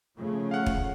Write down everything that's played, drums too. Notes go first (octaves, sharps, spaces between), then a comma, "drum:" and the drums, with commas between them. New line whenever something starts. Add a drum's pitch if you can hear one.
C#3 F3 A3
F5 F#5
drum: kick E1